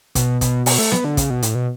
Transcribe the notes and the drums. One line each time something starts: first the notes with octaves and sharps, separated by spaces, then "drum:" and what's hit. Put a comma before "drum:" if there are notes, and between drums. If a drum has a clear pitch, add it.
B2, drum: kick, hi-hat
B2, drum: kick, hi-hat
B2, drum: open hi-hat
A3
B3, drum: snare B3
D3
C#3, drum: kick, hi-hat
B2
A2, drum: hi-hat
B2